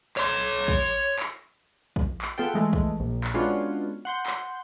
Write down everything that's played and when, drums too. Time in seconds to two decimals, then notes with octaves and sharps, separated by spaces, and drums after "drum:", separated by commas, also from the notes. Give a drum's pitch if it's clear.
0.17 C#5 C6, drum: clap
0.68 drum: kick
1.19 drum: clap
1.96 drum: kick
2.22 drum: clap
2.38 B3 F4 G#4 A4 G5
2.54 E3 G#3 A3
2.73 drum: kick
3.00 A#1
3.24 drum: clap
3.34 G#3 B3 C#4 D4 F4 F#4
4.05 F#5 C6 G6
4.27 drum: clap